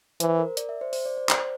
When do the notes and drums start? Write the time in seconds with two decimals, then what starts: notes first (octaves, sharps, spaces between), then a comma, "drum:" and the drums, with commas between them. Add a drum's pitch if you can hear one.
0.20 E3 C5, drum: hi-hat
0.39 A#4
0.57 D5, drum: hi-hat
0.69 E5
0.81 C5
0.93 C5, drum: open hi-hat
1.06 D5
1.17 D5
1.29 C5, drum: clap